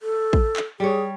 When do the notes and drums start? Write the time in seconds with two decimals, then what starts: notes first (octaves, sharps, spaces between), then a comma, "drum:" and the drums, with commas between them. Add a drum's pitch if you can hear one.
0.01 A4
0.33 drum: kick
0.56 drum: clap
0.80 G3 G#4 C#5